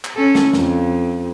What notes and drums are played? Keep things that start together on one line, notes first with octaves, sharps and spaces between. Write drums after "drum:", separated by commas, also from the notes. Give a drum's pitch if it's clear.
drum: clap
C#4 A4
drum: snare
F2, drum: snare